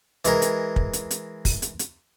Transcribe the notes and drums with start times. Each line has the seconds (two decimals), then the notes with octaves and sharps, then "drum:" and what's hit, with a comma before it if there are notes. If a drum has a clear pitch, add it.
0.25 E3 G#3 A#4, drum: hi-hat
0.42 drum: hi-hat
0.76 drum: kick
0.93 drum: hi-hat
1.11 drum: hi-hat
1.45 drum: kick, open hi-hat
1.62 drum: hi-hat
1.79 drum: hi-hat